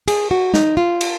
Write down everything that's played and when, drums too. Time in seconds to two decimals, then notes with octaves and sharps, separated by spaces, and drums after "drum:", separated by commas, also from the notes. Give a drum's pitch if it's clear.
0.08 G#4, drum: cymbal
0.31 F#4
0.54 D#4, drum: snare
0.77 F4
1.01 drum: cymbal